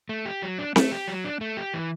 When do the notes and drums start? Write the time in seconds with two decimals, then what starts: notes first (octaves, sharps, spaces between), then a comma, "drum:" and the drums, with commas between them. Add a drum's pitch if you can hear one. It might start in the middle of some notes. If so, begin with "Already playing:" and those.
0.09 A3
0.26 G4
0.42 F#3
0.58 D4
0.76 A3, drum: snare C4
0.92 G4
1.08 F#3
1.25 D4
1.41 A3
1.57 G4
1.74 E3